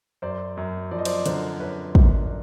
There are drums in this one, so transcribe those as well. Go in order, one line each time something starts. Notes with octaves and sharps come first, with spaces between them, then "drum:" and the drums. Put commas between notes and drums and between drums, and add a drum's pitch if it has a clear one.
F#2 C5 D5
F#2
F3 D5
D#5
C5 D5, drum: cymbal
D3 A#4 C5, drum: hi-hat
F#2 B4 C#5
F#2, drum: kick